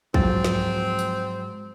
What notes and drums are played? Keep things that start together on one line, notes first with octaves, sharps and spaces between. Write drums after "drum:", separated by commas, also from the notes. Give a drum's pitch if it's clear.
G#2 F3 F#3 C4 G5 A6, drum: kick
drum: snare
drum: tambourine